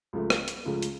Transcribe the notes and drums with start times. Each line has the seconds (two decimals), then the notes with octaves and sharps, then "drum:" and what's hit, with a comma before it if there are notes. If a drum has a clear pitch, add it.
0.13 C#2 C#3 F3 A3
0.30 drum: rim click
0.48 drum: hi-hat
0.65 C#2 C#3 F3 A3
0.82 drum: hi-hat